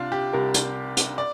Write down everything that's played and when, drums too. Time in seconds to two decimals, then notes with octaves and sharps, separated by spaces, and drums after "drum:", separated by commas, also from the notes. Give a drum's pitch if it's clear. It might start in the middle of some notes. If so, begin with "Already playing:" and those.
Already playing: C2 C3 D4 F4
0.12 G4
0.33 C2 C3 G3 A#4
0.54 drum: hi-hat
0.97 drum: hi-hat
1.18 D5